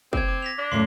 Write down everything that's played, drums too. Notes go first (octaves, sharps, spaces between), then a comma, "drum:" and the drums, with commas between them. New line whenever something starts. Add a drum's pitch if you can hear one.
C4 D6 G#6, drum: kick
D6
A#6 B6 F7
D4
F#2 A2 C#3 C6 D6 C7